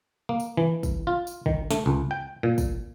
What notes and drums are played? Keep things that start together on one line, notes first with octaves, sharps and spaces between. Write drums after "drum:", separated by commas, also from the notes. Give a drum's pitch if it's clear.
A#3
drum: tambourine
E3
drum: kick, tambourine
F4
drum: tambourine
D#3, drum: kick
A3, drum: snare
C#2
G5
A#2
drum: kick, tambourine